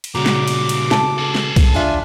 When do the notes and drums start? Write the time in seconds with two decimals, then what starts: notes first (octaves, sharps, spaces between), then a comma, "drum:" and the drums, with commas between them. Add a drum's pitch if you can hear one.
0.04 drum: cymbal
0.15 A#2 C#3 G3 F#4 A#5 D6
0.26 drum: snare
0.48 drum: cymbal
0.69 drum: cymbal
0.91 A5, drum: snare
1.18 G#4 A4
1.35 drum: snare
1.56 drum: kick B1, cymbal
1.74 D4 F4 E5 G#5